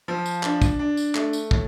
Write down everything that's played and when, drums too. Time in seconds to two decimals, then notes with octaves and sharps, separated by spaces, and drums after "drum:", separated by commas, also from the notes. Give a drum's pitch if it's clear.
0.08 F3
0.26 drum: tambourine
0.43 D4, drum: clap
0.62 drum: kick, tambourine
0.79 D4
0.97 drum: tambourine
1.15 A3, drum: clap
1.33 drum: tambourine
1.51 A2, drum: kick